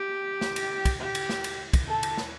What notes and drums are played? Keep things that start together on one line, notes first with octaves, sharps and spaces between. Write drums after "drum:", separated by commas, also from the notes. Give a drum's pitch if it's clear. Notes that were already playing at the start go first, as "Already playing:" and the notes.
Already playing: G4
drum: snare
drum: cymbal
drum: kick, cymbal
G4
drum: cymbal
drum: snare
drum: cymbal
drum: kick, cymbal
A4
drum: cymbal
drum: snare